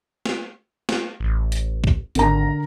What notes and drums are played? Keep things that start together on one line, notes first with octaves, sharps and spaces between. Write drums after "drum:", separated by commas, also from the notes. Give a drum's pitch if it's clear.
drum: snare
drum: snare
A1
drum: hi-hat
drum: kick
G#1 D3 A#4 A#5, drum: hi-hat